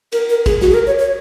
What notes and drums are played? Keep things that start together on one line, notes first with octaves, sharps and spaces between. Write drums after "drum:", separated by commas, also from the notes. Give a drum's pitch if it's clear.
A#4, drum: cymbal
A#4
G#4, drum: kick, cymbal
F#4, drum: snare
G#4
A#4
C#5
C#5